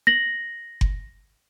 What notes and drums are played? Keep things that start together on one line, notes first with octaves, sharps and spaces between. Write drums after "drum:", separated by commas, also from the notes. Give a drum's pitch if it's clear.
A#6 F#7
drum: kick F#1